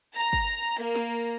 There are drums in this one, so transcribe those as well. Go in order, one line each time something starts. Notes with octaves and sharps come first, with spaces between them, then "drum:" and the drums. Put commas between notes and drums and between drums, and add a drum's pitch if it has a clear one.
A#5
drum: kick
A#3
drum: snare